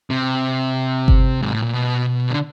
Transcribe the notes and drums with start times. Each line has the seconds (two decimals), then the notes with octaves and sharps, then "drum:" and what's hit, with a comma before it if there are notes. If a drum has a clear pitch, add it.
0.10 C3
1.08 drum: kick G1
1.42 G#2
1.53 A2
1.62 A#2
1.73 B2
2.30 D3